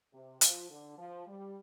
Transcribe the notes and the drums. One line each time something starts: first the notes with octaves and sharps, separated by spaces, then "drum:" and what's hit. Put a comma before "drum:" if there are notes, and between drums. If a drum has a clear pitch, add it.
C3
F3, drum: hi-hat
D3
F3
G3